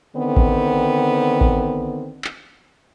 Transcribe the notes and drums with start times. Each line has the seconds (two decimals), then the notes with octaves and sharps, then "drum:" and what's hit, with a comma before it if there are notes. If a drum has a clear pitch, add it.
0.16 D3 D#3 B3 C4
0.37 drum: kick A1
1.41 drum: kick A1
2.24 drum: clap